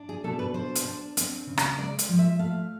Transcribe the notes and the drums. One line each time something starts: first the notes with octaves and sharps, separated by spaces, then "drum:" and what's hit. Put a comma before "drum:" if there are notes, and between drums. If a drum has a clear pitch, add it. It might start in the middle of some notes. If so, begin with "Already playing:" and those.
Already playing: D4
G#4
B2 A4
B4
D4 C5
drum: hi-hat
D4
C4, drum: hi-hat
C#3
drum: rim click
G#3 D5
drum: hi-hat
F3
E5
A3 F5